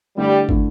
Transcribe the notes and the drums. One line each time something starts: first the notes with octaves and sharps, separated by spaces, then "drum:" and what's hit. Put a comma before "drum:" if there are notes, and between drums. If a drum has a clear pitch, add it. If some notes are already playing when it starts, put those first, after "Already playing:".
D3 G3 A3 E4
D3 A3 E4, drum: kick